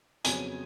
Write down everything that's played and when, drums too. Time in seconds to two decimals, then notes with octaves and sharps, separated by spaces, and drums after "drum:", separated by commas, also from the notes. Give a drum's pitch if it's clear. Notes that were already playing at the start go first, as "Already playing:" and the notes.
0.24 F2 C#3 F#3 B3 G#5, drum: hi-hat